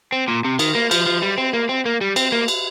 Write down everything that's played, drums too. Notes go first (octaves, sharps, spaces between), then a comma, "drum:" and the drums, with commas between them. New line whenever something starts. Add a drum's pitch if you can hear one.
C4
A#2
C3
D#3, drum: cymbal
A#3
F3, drum: cymbal
F3
G3
C4
A#3
C4
A#3
G3
C4, drum: cymbal
A#3
drum: cymbal